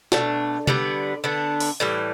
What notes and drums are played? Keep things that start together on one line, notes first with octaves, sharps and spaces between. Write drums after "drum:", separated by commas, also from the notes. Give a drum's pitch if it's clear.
B2 A3 D4, drum: snare
D3 G3 B3 D5, drum: tom
D3 B3 D4
drum: open hi-hat
A2 E3 G3